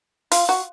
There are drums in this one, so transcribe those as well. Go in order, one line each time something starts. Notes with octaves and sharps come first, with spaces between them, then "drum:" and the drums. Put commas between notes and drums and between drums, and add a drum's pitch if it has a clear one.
F4, drum: open hi-hat
F#4